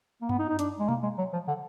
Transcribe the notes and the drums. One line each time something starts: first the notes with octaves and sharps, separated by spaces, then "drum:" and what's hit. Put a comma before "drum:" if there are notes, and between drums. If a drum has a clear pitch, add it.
A#3
B3, drum: tom G2
D#4
D#4
D4, drum: hi-hat
G#3
A#3, drum: tom B2
G#3
F#3
F3
D3